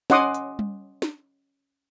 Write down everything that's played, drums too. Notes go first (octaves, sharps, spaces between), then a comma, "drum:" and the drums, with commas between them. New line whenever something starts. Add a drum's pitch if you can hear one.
C#4 D#5 F#5 C6 D6 D#6, drum: snare
drum: hi-hat
drum: tom G3
drum: snare